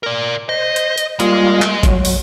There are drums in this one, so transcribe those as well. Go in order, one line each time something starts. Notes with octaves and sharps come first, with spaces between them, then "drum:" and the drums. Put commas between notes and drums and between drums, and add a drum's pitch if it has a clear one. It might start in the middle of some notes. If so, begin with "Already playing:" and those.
A#4 D5
C5 D#5
drum: hi-hat
drum: hi-hat
G3 G#3 A#3 F4, drum: hi-hat
drum: clap
F#3, drum: kick G#1, hi-hat
drum: open hi-hat